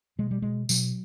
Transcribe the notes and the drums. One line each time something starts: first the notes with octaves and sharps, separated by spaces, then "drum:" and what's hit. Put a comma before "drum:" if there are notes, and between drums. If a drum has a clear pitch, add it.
B2 G#3
G3
B2 G#3
B2 F#3, drum: tambourine